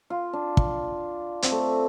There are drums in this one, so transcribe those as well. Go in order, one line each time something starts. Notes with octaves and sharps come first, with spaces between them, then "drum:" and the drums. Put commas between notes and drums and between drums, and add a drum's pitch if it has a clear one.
F4
D4
drum: kick
C4, drum: hi-hat
A3